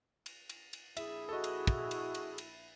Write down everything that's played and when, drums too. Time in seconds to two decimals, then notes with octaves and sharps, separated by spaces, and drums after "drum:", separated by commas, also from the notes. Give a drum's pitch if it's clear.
0.26 drum: cymbal
0.49 drum: cymbal
0.73 drum: cymbal
0.97 A#1 E4 G#4 E5, drum: cymbal
1.29 F#4 A4 D#5
1.44 drum: cymbal
1.67 drum: kick, cymbal
1.91 drum: cymbal
2.15 drum: cymbal
2.38 drum: cymbal